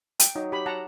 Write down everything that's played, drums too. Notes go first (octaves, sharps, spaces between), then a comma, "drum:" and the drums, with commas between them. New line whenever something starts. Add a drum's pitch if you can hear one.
G5, drum: hi-hat
F#3 D#4
G4 B5
F#5 A5 A#5